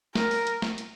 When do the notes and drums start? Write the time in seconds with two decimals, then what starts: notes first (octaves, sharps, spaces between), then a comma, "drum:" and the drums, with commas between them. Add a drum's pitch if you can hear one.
0.15 A#4, drum: snare
0.31 drum: open hi-hat
0.47 drum: hi-hat
0.62 drum: snare
0.78 drum: hi-hat